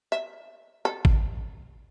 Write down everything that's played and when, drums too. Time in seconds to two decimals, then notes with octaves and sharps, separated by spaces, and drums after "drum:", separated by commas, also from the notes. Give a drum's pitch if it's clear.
0.12 E5
0.85 A4
1.05 drum: kick G#1